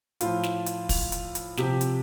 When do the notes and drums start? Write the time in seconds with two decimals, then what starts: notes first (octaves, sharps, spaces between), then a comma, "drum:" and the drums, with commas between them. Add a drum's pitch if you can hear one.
0.21 A2 F3 F4, drum: hi-hat
0.43 drum: snare
0.66 drum: hi-hat
0.89 drum: kick, open hi-hat
1.12 drum: hi-hat
1.35 drum: hi-hat
1.57 C3 F3 G4, drum: snare
1.81 drum: hi-hat